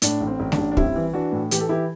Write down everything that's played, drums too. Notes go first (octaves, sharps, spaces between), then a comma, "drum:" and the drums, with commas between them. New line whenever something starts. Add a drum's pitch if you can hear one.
A2 D4, drum: hi-hat
A1
C4
A1
D4, drum: snare A3
A1
D4
G3 C4 E4, drum: kick
E3
E3 D4 F#4
A2
E3 G4, drum: hi-hat
A4
E3 E4 G4